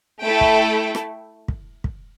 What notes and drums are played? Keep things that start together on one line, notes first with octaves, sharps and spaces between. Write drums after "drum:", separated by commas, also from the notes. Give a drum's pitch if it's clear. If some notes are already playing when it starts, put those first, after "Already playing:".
A3 E4 A4 G5
drum: kick
drum: rim click
drum: kick
drum: kick